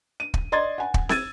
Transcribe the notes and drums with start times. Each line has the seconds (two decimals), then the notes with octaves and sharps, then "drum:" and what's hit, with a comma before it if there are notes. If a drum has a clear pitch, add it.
0.20 D#7
0.34 drum: kick
0.52 D5 D#5 C6 G#6 A6
0.78 F#5 G#5
0.94 drum: kick
1.09 E6 G#6 A6 D#7, drum: snare C4